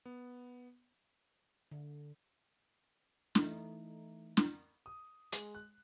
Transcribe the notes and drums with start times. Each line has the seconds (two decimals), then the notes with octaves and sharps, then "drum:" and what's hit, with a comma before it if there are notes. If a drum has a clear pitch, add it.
0.06 B3
1.71 D3
3.35 E3 A3 D#4, drum: snare
4.37 drum: snare
4.86 D#6
5.32 G#3, drum: hi-hat
5.55 F#6